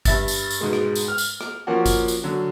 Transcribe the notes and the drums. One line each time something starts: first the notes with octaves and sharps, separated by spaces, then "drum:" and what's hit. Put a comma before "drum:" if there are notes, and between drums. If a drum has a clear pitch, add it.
G2 E5 A6, drum: kick G1, tambourine
drum: tambourine
drum: tambourine
G#2 B2 G#3
drum: rim click
drum: tambourine
F6
drum: tambourine
drum: rim click
F3 A#3 C#4 F#4
drum: kick G1, tambourine
drum: tambourine
D3 F#3